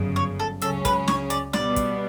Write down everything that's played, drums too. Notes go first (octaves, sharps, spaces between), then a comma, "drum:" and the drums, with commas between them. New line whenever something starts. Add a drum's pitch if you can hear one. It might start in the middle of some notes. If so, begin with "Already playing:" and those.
Already playing: G1 F#2 C#3
C#5
A4
C#2 C#3 F#3 C#4 A4, drum: hi-hat
B4, drum: kick, hi-hat
C#5, drum: snare
D5, drum: hi-hat
B2 G3 B3 D5, drum: snare
drum: kick, hi-hat